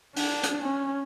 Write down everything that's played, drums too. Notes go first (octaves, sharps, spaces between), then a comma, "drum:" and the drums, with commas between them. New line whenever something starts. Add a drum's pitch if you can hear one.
D4, drum: open hi-hat
drum: hi-hat
C#4